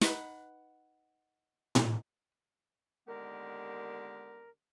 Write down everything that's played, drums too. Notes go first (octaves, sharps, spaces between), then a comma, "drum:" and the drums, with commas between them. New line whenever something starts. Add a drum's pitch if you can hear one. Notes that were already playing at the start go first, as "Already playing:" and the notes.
D#4 B4 F#5, drum: snare
drum: tom A2
D#2 D3 G#3 B3 G4 A#4